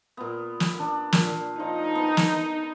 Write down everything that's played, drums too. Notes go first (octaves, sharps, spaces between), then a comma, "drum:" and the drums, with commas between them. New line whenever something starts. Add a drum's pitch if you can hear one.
A#2 B3
drum: snare
D4
A#2, drum: snare
F3 D#4
B3
drum: snare